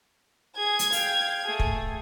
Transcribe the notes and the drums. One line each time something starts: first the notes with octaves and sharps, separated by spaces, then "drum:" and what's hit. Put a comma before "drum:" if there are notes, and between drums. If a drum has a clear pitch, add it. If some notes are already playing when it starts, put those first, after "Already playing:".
G#4 G#6
drum: hi-hat
F5 G5, drum: open hi-hat
A3 G#4
drum: kick